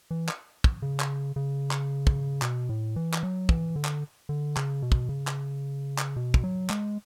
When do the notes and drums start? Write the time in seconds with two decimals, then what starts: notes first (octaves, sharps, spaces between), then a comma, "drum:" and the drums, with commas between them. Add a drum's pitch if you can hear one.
0.11 E3
0.29 drum: clap
0.64 drum: kick
0.82 C#3
1.00 drum: clap
1.36 C#3
1.71 drum: clap
2.07 drum: kick
2.42 B2, drum: clap
2.69 A2
2.96 E3
3.14 drum: clap
3.23 F#3
3.49 E3, drum: kick
3.76 D3
3.85 drum: clap
4.29 D3
4.57 C#3, drum: clap
4.83 B2
4.92 drum: kick
5.09 C#3
5.27 drum: clap
5.99 drum: clap
6.16 B2
6.34 drum: kick
6.44 F#3
6.70 G#3, drum: clap